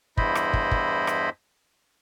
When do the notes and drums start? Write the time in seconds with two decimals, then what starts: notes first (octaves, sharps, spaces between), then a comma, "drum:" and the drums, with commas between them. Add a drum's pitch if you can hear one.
0.17 E2 G2 E4 C5 D#5 B5, drum: kick
0.35 drum: rim click
0.53 drum: kick
0.71 drum: kick
1.07 drum: rim click